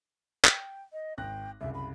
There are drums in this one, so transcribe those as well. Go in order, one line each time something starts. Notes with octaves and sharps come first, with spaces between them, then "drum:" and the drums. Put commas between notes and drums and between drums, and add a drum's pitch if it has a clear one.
G5, drum: clap
D#5
G#1 G5 F#6 A#6
C2 F#2 C#3 E5
B5